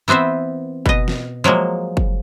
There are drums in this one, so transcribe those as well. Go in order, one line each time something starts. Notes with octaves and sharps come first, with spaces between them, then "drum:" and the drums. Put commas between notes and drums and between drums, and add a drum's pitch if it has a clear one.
E3 B3 C4 C5 E5
B2 D#5, drum: kick F#1
drum: snare
F3 F#3 G#3 A#3
drum: kick F#1